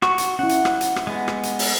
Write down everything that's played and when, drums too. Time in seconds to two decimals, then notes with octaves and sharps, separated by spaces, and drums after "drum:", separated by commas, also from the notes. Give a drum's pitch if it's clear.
0.02 F#4 C#6, drum: rim click
0.18 drum: hi-hat
0.39 C#4 E4 F#5
0.49 drum: hi-hat
0.65 drum: rim click
0.81 drum: hi-hat
0.96 drum: rim click
1.07 G#3 B3
1.28 drum: rim click
1.43 drum: hi-hat
1.59 drum: open hi-hat